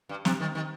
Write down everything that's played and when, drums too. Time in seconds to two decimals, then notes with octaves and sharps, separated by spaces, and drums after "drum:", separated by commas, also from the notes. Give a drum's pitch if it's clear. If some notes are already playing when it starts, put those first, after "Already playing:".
0.09 G2
0.25 C3, drum: snare
0.40 D#3
0.55 D#3